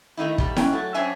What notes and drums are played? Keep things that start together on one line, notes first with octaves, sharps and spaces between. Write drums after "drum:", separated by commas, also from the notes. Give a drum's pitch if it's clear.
D#3 A3 D#4 E4
G#2 G3 A3, drum: kick
G#2 F3 C#4 G5, drum: snare E4
F#3 A3
F#2 C4 D4 C#5 E5 G#5